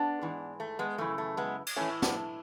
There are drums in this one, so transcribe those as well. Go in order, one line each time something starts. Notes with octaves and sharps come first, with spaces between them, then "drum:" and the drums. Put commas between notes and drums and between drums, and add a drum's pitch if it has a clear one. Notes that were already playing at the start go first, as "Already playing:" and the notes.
Already playing: B3 D4
G#2 E3
A3
G#3 B3
F#2 C#3 E3 A3
A3
G#3 B3
drum: cymbal
A2 E3 A3 C#4
B3 D4, drum: snare